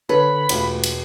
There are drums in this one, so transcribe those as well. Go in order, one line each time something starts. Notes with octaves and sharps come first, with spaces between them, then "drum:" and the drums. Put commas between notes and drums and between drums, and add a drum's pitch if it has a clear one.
D3 A4 B4 C#5 B5
E1 A3 F4, drum: cymbal
drum: cymbal